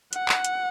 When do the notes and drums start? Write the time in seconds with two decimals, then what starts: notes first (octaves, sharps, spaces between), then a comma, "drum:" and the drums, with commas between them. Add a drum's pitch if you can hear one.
0.13 F#5, drum: hi-hat
0.29 drum: clap
0.44 drum: hi-hat